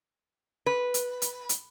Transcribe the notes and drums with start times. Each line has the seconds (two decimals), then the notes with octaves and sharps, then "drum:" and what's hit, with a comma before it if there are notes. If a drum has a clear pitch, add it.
0.66 B4
0.94 drum: hi-hat
1.22 drum: hi-hat
1.49 drum: hi-hat